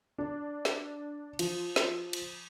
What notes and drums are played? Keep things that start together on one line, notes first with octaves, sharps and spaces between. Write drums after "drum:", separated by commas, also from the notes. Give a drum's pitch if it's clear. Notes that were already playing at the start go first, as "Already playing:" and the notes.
D4
drum: snare
F3, drum: cymbal
drum: snare
drum: cymbal